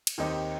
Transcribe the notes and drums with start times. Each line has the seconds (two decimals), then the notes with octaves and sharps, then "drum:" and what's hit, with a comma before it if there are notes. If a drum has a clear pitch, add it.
0.07 drum: cymbal
0.18 D#2 D#3 C4 D#4 G4